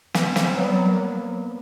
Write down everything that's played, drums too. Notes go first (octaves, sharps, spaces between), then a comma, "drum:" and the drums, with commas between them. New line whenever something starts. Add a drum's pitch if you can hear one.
B3, drum: snare
C4, drum: snare
F#3 B3
G3
F#3
A#3